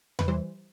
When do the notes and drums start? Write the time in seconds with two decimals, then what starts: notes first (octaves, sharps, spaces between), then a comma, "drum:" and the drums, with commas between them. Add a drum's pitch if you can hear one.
0.19 B4, drum: tom E2
0.28 E3 G3 C5